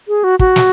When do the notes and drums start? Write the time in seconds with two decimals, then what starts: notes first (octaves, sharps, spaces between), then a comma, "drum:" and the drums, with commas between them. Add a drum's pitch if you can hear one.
0.08 G#4
0.24 F#4
0.39 F#4, drum: kick
0.56 drum: snare